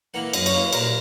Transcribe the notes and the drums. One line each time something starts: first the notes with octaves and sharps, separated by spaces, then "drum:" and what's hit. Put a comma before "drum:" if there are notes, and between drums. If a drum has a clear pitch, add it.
E3 A#3 F#5
F#2 D#5, drum: cymbal
C#5, drum: cymbal
E3 A#3
A#2 A#4, drum: cymbal